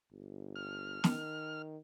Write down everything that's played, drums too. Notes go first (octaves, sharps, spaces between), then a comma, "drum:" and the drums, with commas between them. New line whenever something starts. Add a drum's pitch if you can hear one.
G1
F6
D#3, drum: snare